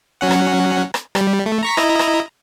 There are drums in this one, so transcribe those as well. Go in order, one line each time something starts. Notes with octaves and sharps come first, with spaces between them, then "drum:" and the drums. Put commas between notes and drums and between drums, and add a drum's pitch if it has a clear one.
F#3 C#4 F#5
drum: rim click
drum: rim click
G3, drum: rim click
A3
A#5 C#6 B6
E4 D#5 A#5, drum: rim click
drum: rim click